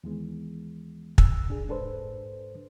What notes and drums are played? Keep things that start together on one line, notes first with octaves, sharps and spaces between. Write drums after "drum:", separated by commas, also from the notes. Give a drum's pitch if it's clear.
D#2 E3 G#3 B3
E6, drum: kick
D4 G#4
G#2 D4 A4 B4 C5